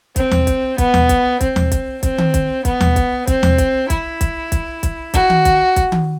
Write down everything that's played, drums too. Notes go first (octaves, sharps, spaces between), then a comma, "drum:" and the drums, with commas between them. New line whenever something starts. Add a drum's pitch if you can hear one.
C4, drum: kick, hi-hat
drum: tom D#2
drum: kick, hi-hat
B3, drum: kick, hi-hat
drum: tom D#2
drum: kick, hi-hat
C4, drum: kick, hi-hat
drum: tom D#2
drum: kick, hi-hat
C4, drum: kick, hi-hat
drum: tom D#3
drum: kick, hi-hat
B3, drum: kick, hi-hat
drum: tom D#2
drum: kick, hi-hat
C4, drum: kick, hi-hat
drum: tom D#2
drum: kick, hi-hat
E4, drum: kick, hi-hat
drum: kick, hi-hat
drum: kick, hi-hat
drum: kick, hi-hat
F#4, drum: kick, hi-hat
drum: tom D#3
drum: kick, hi-hat
drum: kick, hi-hat
drum: tom D#3